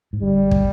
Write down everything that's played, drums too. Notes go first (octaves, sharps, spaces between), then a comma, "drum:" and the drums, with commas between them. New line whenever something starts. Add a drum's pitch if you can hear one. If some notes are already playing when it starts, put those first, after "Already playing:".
G#2
G1 G2 G3
drum: kick